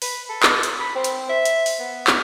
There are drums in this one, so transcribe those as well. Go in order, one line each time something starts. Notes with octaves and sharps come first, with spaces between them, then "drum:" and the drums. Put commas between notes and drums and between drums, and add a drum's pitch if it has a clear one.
B4, drum: open hi-hat
A4
drum: clap
drum: hi-hat
B5
C4
drum: hi-hat
E5
drum: hi-hat
drum: open hi-hat
B3
drum: clap